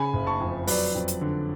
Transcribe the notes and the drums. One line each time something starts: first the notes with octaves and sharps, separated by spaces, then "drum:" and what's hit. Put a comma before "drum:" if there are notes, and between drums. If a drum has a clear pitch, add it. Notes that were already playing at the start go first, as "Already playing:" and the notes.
Already playing: C#3 G#5 B5
F#1
A5 C#6
F2
F#3 B4 D5, drum: open hi-hat
F2
drum: hi-hat
D3